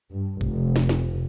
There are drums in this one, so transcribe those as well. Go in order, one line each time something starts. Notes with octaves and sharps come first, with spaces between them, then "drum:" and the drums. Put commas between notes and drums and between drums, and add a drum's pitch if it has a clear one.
G2
F1, drum: kick
drum: snare
drum: snare